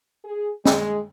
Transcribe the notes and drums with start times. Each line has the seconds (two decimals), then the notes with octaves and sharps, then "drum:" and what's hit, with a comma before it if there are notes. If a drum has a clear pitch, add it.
0.24 G#4
0.65 G#3, drum: snare